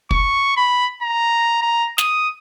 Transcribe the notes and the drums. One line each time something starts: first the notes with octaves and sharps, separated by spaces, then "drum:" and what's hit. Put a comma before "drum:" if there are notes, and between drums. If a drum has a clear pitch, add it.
C#6, drum: kick
B5
A#5
A#5
D#6, drum: snare